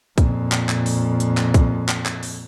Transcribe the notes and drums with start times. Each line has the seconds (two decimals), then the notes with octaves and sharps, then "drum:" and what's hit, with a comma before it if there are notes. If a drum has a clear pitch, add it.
0.18 F2 A#2, drum: kick, hi-hat
0.52 drum: clap
0.69 drum: clap
0.86 drum: open hi-hat
1.20 drum: hi-hat
1.37 drum: clap
1.54 drum: kick, hi-hat
1.89 drum: clap
2.06 drum: clap
2.23 drum: open hi-hat